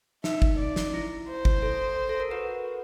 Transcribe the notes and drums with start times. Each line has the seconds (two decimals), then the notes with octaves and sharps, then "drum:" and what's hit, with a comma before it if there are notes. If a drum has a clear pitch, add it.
0.24 D#4 E5, drum: snare
0.42 drum: kick
0.59 D5
0.76 drum: snare
0.94 E4
1.28 C5
1.45 drum: kick
1.62 A4
2.09 A4
2.20 A#4
2.31 F#4 B4